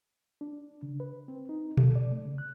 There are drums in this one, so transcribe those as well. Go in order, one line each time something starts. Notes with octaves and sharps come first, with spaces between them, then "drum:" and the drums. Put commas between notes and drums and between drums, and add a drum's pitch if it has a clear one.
D4
C#3
B4
C4
D#4
A4, drum: tom B2
D5
A3
C#3
F#6